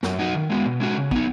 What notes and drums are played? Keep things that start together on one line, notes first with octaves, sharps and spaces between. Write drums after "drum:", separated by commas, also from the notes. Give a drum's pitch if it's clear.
F#2, drum: snare
F#3 D#4 F#4
D#3
G#3 B3 F#4
B2
G#3 C#4 F#4
C#3
B3 D#4, drum: kick